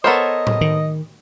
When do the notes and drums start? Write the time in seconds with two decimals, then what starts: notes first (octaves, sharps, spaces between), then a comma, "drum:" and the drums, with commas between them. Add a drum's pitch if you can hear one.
0.04 B3 A4 A#4 C5 C#5 D#5
0.47 drum: tom A2
0.61 D#3